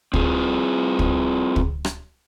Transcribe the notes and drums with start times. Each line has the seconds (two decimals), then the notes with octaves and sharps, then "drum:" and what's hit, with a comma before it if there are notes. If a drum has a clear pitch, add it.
0.14 C4 F4 G#4, drum: kick
0.99 drum: kick
1.56 drum: kick
1.85 drum: rim click